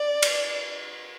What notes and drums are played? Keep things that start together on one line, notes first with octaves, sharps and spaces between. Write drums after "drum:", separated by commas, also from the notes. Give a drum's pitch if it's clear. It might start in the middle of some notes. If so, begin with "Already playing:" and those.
Already playing: D5
drum: cymbal